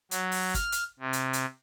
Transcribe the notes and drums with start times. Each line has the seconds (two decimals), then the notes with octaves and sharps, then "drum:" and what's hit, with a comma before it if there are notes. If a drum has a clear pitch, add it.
0.11 F#3, drum: hi-hat
0.32 drum: open hi-hat
0.54 F6, drum: kick, hi-hat
0.72 drum: hi-hat
0.99 C3
1.13 drum: hi-hat
1.33 drum: hi-hat